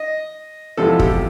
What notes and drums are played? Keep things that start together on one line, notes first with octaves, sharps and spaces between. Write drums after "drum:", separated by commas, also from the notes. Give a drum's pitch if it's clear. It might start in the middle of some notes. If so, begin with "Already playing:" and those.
Already playing: D#5
E2 C3 F3 G#3 A4
G4, drum: kick